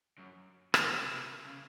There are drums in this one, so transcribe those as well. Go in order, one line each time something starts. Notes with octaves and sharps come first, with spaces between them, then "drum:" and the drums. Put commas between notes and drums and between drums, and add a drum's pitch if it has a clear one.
F#2
C3, drum: rim click
C3
C#3